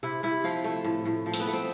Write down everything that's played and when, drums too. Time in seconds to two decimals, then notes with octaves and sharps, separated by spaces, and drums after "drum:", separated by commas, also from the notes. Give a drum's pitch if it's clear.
0.03 C3 E4
0.23 C3 E4
0.44 F3 F4
0.64 A3
0.84 A2
1.05 A2
1.26 F3
1.34 C4, drum: open hi-hat
1.40 B3
1.47 A3
1.54 C4